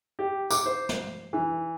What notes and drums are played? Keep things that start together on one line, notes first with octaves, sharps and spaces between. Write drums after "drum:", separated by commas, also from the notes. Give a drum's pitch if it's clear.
G4
D6, drum: tambourine
C5
drum: snare
E3